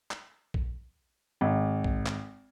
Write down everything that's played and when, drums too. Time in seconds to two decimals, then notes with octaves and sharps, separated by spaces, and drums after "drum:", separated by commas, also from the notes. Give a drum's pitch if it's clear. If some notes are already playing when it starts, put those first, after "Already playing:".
0.11 drum: clap
0.54 drum: kick A#1
1.41 G#1
1.84 drum: kick A#1
2.06 drum: clap